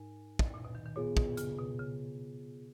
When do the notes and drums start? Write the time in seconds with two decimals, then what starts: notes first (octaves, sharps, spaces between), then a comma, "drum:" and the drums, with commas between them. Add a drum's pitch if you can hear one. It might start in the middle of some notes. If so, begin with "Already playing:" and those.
Already playing: G#2 D#4 A#4 G#5
0.39 drum: kick
0.54 A#2
0.65 B2
0.75 D#3
0.86 D#3
0.96 A#2 B3 F4 G#4 C#5
1.17 B2, drum: kick
1.37 C#3, drum: hi-hat
1.58 B2
1.79 C#3